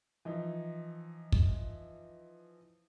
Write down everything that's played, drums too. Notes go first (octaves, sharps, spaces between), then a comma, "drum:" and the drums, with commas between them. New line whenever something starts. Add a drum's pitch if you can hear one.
E3 F3 D#4
drum: kick